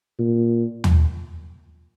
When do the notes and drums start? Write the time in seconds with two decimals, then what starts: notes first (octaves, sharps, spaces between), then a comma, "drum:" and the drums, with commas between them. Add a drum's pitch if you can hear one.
0.19 A#2
0.84 drum: tom